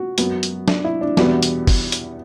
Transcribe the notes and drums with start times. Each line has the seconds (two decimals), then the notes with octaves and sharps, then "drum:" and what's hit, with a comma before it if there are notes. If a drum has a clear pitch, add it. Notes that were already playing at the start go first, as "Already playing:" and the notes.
Already playing: F#4
0.18 F#2 F#3 B3, drum: hi-hat
0.43 drum: hi-hat
0.68 D4, drum: snare
0.84 E4
1.01 D4
1.17 E2 B2 G3 B3, drum: snare
1.43 drum: hi-hat
1.67 drum: kick, open hi-hat
1.92 drum: hi-hat